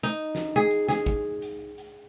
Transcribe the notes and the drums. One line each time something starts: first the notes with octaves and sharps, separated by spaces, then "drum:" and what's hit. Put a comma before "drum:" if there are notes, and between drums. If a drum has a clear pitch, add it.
D#4
drum: snare
G#4
drum: hi-hat
G#4, drum: snare
drum: kick, hi-hat
drum: hi-hat
drum: hi-hat